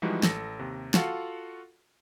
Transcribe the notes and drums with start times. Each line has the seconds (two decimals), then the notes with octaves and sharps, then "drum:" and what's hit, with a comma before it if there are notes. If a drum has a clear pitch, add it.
0.02 E3 F3 G3 G#3 D#4 F#4
0.23 A1 A4 A#6, drum: snare
0.59 D#2 C3
0.94 F4 F#4 A4 F5 F#5, drum: snare